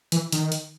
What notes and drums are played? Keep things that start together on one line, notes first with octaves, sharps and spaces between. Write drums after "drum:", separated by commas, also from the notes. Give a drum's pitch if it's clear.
E3, drum: hi-hat
D#3, drum: hi-hat
drum: hi-hat